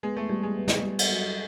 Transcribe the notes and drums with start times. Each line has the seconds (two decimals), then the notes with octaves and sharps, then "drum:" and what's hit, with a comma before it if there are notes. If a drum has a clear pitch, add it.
0.03 G#3 B3
0.17 A3
0.29 G3 A3
0.43 G#3
0.56 B3
0.68 drum: snare
0.83 G3
0.99 drum: cymbal
1.09 F#3